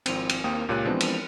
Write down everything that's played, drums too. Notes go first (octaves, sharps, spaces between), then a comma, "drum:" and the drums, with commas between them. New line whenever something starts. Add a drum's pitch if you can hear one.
G#1 F3 C4, drum: cymbal
drum: cymbal
D#2 A#3 C4 G5 D#6
C#2 A#2 G4 C#5 F#6 D#7
E3 F3 G#3 B3 C4 D4
drum: cymbal